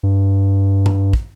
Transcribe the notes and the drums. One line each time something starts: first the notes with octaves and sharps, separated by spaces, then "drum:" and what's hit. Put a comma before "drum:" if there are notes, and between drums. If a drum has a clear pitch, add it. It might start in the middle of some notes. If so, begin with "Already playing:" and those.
G2
drum: tom G2
drum: kick